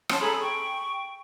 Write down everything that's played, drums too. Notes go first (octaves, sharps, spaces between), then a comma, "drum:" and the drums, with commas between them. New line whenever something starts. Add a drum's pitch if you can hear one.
C#4 A5 C6, drum: rim click
G#4 A4 A#5 B5
G5 C#6